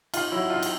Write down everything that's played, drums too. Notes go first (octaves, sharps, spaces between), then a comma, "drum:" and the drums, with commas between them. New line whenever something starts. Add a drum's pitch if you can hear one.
D#4 F4, drum: cymbal
F#3 E4
D#4 F4
drum: cymbal